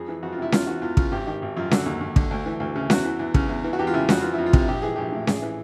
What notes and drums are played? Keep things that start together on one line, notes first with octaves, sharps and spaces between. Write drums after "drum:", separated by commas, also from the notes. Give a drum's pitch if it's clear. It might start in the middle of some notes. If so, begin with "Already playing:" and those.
Already playing: F2 G#4
E3
F2 F#4
F4
C3 E4
E2 F4, drum: snare C#4
E3 F#4
E2 F4
C#3 F4, drum: kick
G#1 G4
D#3 G4
G#1
F#2 F4
D3 F#4, drum: snare C#4
D#2
D#2
D3, drum: kick
D2
E3
D2
C#3
E2 F#4, drum: snare C#4
E3
E2
C#3, drum: kick
E2
E3
F#4
E2 G4
F4
C#3 E4
F2 F#4, drum: snare C#4
E3 F4
F2 E4
F4
C3, drum: kick
A#1 G4
E3 G#4
A#1 G4
A2
A1 G#4, drum: snare C#4
E3